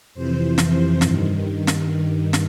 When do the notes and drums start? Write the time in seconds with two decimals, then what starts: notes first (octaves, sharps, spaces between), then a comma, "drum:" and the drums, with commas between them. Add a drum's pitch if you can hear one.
0.14 F2 C3 E3 C5
0.58 drum: snare
1.01 G2 D#3, drum: snare
1.67 drum: snare
2.33 drum: snare